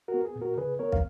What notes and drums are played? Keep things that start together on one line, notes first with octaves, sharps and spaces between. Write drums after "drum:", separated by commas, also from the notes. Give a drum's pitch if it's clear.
F#4 A#4
B3
G#4
A#2
F#4 A#4
C#3 G#4 B4
B3 A#4 C#5
F5, drum: kick